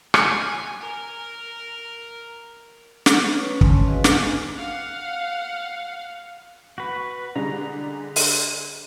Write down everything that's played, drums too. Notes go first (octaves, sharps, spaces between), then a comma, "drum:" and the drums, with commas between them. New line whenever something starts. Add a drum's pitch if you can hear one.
G#5, drum: rim click
A#4
drum: snare
A3 C#4 D#4 B4 C#5 C#6
C#4 G#5 A5 C6, drum: kick
C4 F#4 G#4 B4 D#5 F5
G#5 D6, drum: snare
F5 F#5
F#4 B4
D3 G3 G#3 A#5
drum: open hi-hat